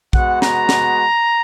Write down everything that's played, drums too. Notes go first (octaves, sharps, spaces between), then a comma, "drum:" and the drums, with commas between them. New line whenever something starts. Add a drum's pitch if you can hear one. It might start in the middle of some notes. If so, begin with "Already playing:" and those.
G#3 B3 F#4 F#5, drum: kick A#1
A#5, drum: snare
drum: snare